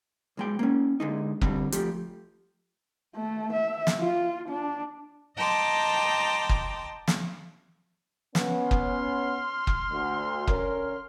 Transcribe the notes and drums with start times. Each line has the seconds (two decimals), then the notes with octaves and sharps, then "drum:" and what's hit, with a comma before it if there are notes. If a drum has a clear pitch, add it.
0.37 B1 G#3 G5
0.59 A#3 C#4
1.00 D3 G#3 D#4
1.41 D3 G3 C4, drum: kick
1.72 F3 A3 G4, drum: hi-hat
3.15 A3
3.52 E5
3.87 drum: snare
3.99 F4
4.48 D4
5.37 D#5 G5 A5 A#5 C6 D6
6.49 drum: kick
7.08 drum: snare
8.35 B3 C#4, drum: snare
8.71 C6 F6, drum: kick
9.67 drum: kick
9.91 D2
10.47 D3 C#4 A#4, drum: kick